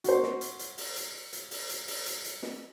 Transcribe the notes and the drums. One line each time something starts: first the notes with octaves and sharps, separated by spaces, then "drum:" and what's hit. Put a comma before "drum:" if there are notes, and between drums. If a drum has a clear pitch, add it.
F#4 C5, drum: hi-hat
drum: snare
drum: hi-hat
drum: hi-hat
drum: open hi-hat
drum: hi-hat
drum: hi-hat
drum: open hi-hat
drum: hi-hat
drum: open hi-hat
drum: hi-hat
drum: hi-hat
drum: snare